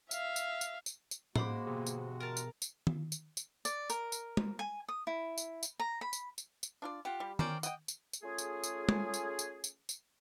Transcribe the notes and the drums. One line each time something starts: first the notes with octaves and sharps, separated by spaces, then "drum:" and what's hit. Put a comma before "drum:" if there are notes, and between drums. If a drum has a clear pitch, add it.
E5 F5, drum: tambourine
drum: tambourine
drum: tambourine
drum: tambourine
drum: tambourine
G#3 A#3 F#4 C5 B5 D6, drum: tom A2
B2 G4 G#4
drum: tambourine
A#4 A5
drum: tambourine
drum: tambourine
drum: tom D#3
drum: tambourine
drum: tambourine
D5, drum: tambourine
A#4, drum: tambourine
drum: tambourine
drum: tom
G#5
D#6
E4
drum: tambourine
drum: tambourine
A#5
B5
drum: tambourine
drum: tambourine
drum: tambourine
D4 F4 D5
F4 G4 F#5
G3
C#4 A#4 C5 D5 G5, drum: tom D#3
D#5 F#5 G5, drum: tambourine
drum: tambourine
drum: tambourine
A3 C#4 F4 G#4
drum: tambourine
drum: tambourine
drum: tom
drum: tambourine
drum: tambourine
drum: tambourine
drum: tambourine